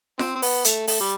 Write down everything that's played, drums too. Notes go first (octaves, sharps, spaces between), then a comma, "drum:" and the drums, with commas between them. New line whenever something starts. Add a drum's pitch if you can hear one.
C4, drum: snare F4
C4
B3, drum: open hi-hat
A3, drum: hi-hat
A3, drum: open hi-hat
G3